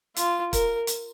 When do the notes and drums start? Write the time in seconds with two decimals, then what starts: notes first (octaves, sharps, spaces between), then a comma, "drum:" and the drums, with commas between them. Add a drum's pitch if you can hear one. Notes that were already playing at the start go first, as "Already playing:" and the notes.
0.16 F4, drum: hi-hat
0.53 A#4, drum: kick, hi-hat
0.87 drum: hi-hat